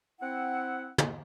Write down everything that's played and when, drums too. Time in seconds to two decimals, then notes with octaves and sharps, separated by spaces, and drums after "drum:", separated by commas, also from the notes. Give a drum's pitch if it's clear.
0.21 C4 E4 F#5
0.98 drum: tom